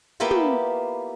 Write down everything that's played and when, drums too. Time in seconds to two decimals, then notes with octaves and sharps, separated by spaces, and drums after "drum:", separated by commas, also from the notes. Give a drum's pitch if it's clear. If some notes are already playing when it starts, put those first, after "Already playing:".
0.20 A#3 B3 E4 F4 G4
0.31 drum: tom